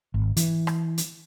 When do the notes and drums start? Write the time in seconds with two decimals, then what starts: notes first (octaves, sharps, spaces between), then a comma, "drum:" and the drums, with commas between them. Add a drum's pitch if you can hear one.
0.14 G#1
0.37 E3, drum: hi-hat
0.67 drum: rim click
0.98 drum: hi-hat